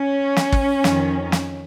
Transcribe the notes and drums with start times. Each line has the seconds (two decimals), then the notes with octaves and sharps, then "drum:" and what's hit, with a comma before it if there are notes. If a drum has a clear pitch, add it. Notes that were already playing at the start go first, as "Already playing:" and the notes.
Already playing: C#4
0.36 drum: snare
0.52 drum: kick
0.84 F2 D#3, drum: snare
1.32 drum: snare